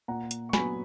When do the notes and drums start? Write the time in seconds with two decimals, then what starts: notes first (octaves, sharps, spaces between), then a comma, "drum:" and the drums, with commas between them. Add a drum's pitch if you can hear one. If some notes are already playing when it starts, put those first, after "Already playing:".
0.08 A#2 F#5 A#5
0.31 drum: hi-hat
0.49 C#6
0.53 F#3 B3 G#5 B5, drum: snare